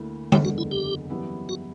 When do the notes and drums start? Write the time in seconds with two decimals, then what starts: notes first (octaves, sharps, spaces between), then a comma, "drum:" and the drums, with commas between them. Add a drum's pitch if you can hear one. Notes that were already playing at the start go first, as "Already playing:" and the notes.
Already playing: D2 D3 A#3 E4
0.32 F#1 E2 D3 G4, drum: tom D3
0.45 F#4
0.58 E4
0.71 G4
1.10 F#2 E3 G3 B3 E4
1.49 F#4